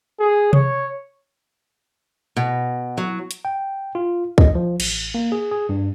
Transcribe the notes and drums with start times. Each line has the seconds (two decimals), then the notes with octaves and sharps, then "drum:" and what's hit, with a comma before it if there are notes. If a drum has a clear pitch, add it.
0.20 G#4
0.53 C#5, drum: tom C3
2.37 B2
2.98 F#3
3.31 drum: hi-hat
3.45 G5
3.95 F4
4.38 D#5, drum: kick
4.55 F3
4.80 A1, drum: cymbal
5.14 A#3
5.32 G#4
5.51 G#4
5.69 G2